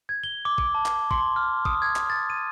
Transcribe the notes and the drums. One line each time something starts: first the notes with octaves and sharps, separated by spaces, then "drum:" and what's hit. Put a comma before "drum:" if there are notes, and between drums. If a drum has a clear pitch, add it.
G#6
G7
D6
drum: kick A1
A5
drum: clap
C6, drum: kick A1
F6
D#6, drum: kick A1
G#6
drum: clap
A6
D#7